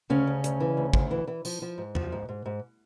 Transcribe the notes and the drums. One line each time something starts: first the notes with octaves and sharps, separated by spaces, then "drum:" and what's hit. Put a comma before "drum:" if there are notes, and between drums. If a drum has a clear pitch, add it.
D2 C#3 C#4
D2
D2, drum: hi-hat
E3
D2
D2, drum: kick G#1
E3
E3
F3, drum: tambourine
F3
G#2
F3, drum: tom E2
G#2
G#2
G#2